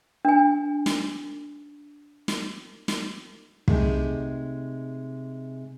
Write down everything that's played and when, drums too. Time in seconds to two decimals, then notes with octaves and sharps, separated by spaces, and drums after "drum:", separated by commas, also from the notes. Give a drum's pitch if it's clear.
0.25 D4 G#5
0.86 drum: snare
2.28 drum: snare
2.88 drum: snare
3.68 C3 G#3 A3 D#4, drum: kick